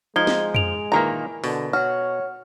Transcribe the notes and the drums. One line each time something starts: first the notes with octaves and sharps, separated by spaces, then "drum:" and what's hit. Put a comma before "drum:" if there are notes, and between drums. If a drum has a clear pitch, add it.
F3 G#3 D#4 D#5 G#6 G7
drum: snare
D7 F7, drum: tom F2
A#2 D#3 E3 A#3 A#4 A#5
B2 D3, drum: open hi-hat
F#4 C#5 F#5 F6